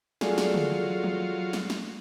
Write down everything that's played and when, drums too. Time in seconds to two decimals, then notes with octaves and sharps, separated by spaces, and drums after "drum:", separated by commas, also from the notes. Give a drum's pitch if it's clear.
0.21 F#3 F4 G#4 A4 D5, drum: snare
0.38 drum: snare
0.54 drum: tom
1.04 drum: tom
1.53 drum: snare
1.70 drum: snare